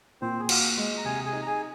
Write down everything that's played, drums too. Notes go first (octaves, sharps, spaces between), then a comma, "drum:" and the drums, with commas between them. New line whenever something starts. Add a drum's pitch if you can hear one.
A#2 C4 C5
G#4
A#3 F#4 A#4, drum: cymbal
G#3
A#5
C3 G#4 G#5
G#4 G#5
D#4
A#5
G#4 G#5